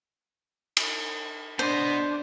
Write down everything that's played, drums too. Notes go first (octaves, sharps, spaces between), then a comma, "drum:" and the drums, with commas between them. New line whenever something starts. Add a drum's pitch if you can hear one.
drum: cymbal
B3 D4 C5 D#5